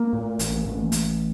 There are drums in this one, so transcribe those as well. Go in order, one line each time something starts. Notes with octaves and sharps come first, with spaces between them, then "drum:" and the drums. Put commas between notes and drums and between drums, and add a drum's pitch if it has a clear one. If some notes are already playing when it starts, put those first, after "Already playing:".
Already playing: A#3
A2
A1, drum: hi-hat
A1
A1, drum: hi-hat